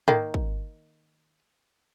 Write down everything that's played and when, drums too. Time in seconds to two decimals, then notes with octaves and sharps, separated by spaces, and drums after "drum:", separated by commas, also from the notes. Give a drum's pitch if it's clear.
0.08 D#3 A#3, drum: tom G#2
0.34 drum: kick